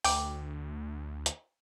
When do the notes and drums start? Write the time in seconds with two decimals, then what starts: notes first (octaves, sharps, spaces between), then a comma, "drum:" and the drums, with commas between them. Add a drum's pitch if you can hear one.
0.04 D2 G5 D6, drum: open hi-hat
1.26 drum: hi-hat